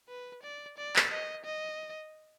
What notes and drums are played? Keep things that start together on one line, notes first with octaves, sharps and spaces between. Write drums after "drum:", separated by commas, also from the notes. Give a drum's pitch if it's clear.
B4
D5
D5
drum: clap
D#5
D#5